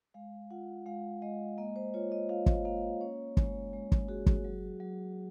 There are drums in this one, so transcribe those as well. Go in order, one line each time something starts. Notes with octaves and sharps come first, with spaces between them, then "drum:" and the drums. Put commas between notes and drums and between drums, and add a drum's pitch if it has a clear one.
G#3 F5
F4 F#5
G#3 F5
G#3 D#5
A#3 D#5
C5
F4 C#5
D#5
F4 F5
drum: kick
A#3 F5
C#4 C#5
G#3 C#5, drum: kick
G#3
drum: kick
F#4 G#4
drum: kick
F#3
F#3